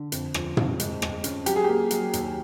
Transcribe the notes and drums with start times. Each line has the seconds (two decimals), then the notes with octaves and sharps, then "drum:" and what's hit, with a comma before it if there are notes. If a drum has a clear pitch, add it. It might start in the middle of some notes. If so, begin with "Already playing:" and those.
Already playing: D3
0.12 F2, drum: hi-hat
0.34 F3, drum: rim click
0.57 F2, drum: tom
0.80 G#3, drum: hi-hat
1.02 G#3, drum: rim click
1.24 C#4, drum: hi-hat
1.46 F#3 G4, drum: hi-hat
1.56 G#4
1.64 A#3 G4
1.91 F#3, drum: hi-hat
2.13 D#2, drum: hi-hat